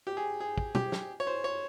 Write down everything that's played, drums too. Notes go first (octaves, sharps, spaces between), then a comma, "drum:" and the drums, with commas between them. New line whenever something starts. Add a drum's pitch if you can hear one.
G4
G#4
G#4
drum: kick
G4, drum: tom
drum: snare
C#5
C5
C#5